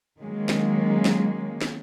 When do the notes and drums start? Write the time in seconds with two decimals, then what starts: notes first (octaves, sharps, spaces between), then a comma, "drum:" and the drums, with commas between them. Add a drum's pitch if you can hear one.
0.21 D#3 F#3 G#3 A#3 C#4
0.49 drum: snare
1.05 drum: snare
1.61 drum: snare